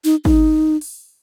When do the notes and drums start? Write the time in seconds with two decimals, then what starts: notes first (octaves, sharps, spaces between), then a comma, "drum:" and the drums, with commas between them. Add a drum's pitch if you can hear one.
0.04 D#4, drum: tambourine
0.25 D#4, drum: kick
0.81 drum: open hi-hat